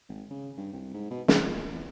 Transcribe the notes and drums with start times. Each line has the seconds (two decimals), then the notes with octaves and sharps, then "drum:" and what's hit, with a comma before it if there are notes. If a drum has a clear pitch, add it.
0.08 G#1
0.30 C#3
0.57 G2
0.73 C2
0.94 G#2
1.11 B2
1.28 G#2, drum: snare
1.46 A#2
1.72 E2